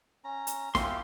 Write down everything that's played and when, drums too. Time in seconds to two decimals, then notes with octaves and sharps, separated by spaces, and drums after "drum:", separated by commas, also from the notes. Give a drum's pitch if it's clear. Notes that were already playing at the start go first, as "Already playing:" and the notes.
0.24 C#4 A#5
0.47 drum: hi-hat
0.75 E4 F4 G4 C6, drum: snare